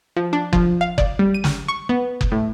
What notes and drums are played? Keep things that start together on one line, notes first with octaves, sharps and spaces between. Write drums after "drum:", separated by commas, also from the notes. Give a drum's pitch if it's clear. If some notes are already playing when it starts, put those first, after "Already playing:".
F3
D4
F3, drum: kick F#1
F5
D5, drum: kick F#1
G3
D#7
drum: snare
C#6
B3
drum: kick F#1
A2